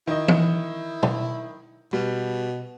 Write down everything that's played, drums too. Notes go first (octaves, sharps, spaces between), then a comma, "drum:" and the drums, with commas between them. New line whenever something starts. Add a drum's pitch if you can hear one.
D#3 E4 D#5
drum: tom E3
drum: tom
B2 G3